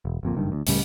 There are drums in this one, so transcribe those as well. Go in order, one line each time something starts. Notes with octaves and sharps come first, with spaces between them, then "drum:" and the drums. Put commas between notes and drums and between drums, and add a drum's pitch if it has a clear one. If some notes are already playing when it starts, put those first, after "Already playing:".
E1
G1 F2 A#2
F#1 G2 D#3
D2
C#2 A2 C#3 G3, drum: open hi-hat